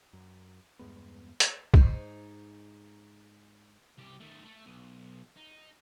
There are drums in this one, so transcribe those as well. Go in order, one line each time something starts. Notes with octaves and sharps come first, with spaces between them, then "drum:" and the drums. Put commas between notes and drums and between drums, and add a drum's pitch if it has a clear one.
F#2
E2 G2 G#3 B3
drum: hi-hat
G#2 D#4 C5, drum: kick
C2 G4
D#3 A3
A3
B1
D#4